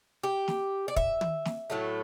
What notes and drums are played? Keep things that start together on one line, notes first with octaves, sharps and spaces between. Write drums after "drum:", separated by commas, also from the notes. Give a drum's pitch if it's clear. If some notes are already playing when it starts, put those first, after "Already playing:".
G4
drum: snare
D5
E5, drum: kick
drum: tom
drum: snare
A2 F#3 A3